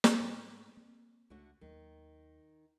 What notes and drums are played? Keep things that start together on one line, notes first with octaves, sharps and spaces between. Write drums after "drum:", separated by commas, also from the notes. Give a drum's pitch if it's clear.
drum: snare
G#2
A#3 C4
C#2 D3 A3 F#4
D#2 D#3 F#3